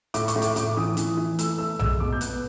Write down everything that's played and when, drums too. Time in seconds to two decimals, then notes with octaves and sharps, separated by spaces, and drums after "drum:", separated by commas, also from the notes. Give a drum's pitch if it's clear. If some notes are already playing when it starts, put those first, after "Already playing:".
0.14 A2 D6, drum: hi-hat
0.28 C#6, drum: hi-hat
0.36 A2
0.42 D6, drum: hi-hat
0.56 A2 D6, drum: hi-hat
0.77 E3 D#6
0.97 E3, drum: hi-hat
1.17 E3
1.39 A3 E6, drum: hi-hat
1.58 A3 E6
1.79 G#3 E6, drum: tom A#1
2.00 B2 D6
2.13 G6
2.21 B3 F#6, drum: hi-hat